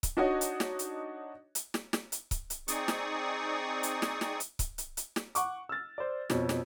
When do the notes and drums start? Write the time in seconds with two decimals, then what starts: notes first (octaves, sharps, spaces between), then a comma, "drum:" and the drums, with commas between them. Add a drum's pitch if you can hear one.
0.03 drum: kick C#1, hi-hat
0.17 D4 D#4 F#4 C#5 D#5
0.41 drum: hi-hat
0.60 drum: snare
0.79 drum: hi-hat
1.55 drum: hi-hat
1.74 drum: snare
1.93 drum: snare
2.12 drum: hi-hat
2.31 drum: kick C#1, hi-hat
2.50 drum: hi-hat
2.68 C4 D#4 G#4 D5 C#6 D#6, drum: hi-hat
2.88 drum: snare
3.83 drum: hi-hat
4.02 drum: snare
4.21 drum: snare
4.40 drum: hi-hat
4.59 drum: kick C#1, hi-hat
4.78 drum: hi-hat
4.97 drum: hi-hat
5.16 drum: snare
5.35 F#5 C#6 D6, drum: hi-hat
5.69 E6 F6 A6
5.98 C5 D5
6.30 F2 B2 C#5, drum: snare
6.49 drum: snare